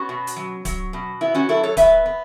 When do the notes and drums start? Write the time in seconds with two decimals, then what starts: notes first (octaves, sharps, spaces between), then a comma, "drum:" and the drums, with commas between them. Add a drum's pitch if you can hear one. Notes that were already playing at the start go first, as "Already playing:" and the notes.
Already playing: B3 C#4 F#4
0.09 B2
0.27 drum: hi-hat
0.36 F#3
0.65 F#3, drum: kick D1, hi-hat
0.93 B2
1.21 B3 E4
1.35 C#4 F#4
1.49 F#3 E4 A4
1.63 A4 C#5
1.77 B3 B4 E5, drum: kick D1, hi-hat
2.06 B3